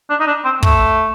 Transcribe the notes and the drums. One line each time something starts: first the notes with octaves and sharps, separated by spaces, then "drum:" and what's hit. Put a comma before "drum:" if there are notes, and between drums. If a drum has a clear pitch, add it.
D4
D#4
D4
C4
A3, drum: kick